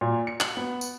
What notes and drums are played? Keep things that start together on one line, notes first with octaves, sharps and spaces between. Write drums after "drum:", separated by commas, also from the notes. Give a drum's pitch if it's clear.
A#2
C#7
F#7, drum: clap
B3
drum: tambourine